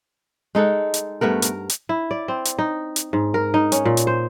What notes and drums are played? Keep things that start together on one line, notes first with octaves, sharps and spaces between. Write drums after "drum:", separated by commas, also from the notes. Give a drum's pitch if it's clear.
G#3 D#4 A4 F#5
drum: hi-hat
G2 A3 B3 A#4
A#4, drum: hi-hat
drum: hi-hat
E4
D5
C4
drum: hi-hat
D#4
drum: hi-hat
G#2
A#4
D#4
C#4, drum: hi-hat
A#2
drum: hi-hat
C5